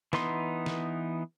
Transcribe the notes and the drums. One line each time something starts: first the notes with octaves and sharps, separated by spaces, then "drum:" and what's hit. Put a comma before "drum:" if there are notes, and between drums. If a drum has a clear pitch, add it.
E3 B3 D#4 C6, drum: snare
drum: snare